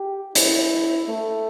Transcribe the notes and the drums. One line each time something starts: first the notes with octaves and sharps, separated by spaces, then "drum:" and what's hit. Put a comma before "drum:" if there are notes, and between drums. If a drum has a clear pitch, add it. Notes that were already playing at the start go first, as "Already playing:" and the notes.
Already playing: G4
E4, drum: hi-hat
A3